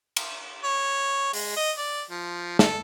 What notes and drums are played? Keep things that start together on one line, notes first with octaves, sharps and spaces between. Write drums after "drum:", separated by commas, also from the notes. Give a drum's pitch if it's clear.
drum: cymbal
C#5
G#3, drum: open hi-hat
D#5
D5
F3
A4, drum: snare